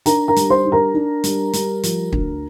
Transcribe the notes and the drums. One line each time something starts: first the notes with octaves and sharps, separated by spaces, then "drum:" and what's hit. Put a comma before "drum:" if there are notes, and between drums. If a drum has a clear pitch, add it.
D4 A#4 A#5, drum: hi-hat
A#4 A#5
G3, drum: hi-hat
C5 C6
D4
A#4 A#5
D4
G3, drum: hi-hat
G3, drum: hi-hat
F3, drum: hi-hat
D2, drum: kick